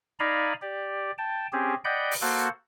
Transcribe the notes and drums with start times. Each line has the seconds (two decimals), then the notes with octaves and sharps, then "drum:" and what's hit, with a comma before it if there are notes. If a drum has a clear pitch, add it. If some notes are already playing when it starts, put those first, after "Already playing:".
0.20 D#4 D5 F5 G#5 A#5 B5
0.61 G4 D5
1.18 G5 A5
1.53 C4 C#4 G4 G#4
1.84 D5 D#5 F#5 G5 B5 G6
2.11 drum: open hi-hat
2.22 A#3 F#4 A4 C5 F#5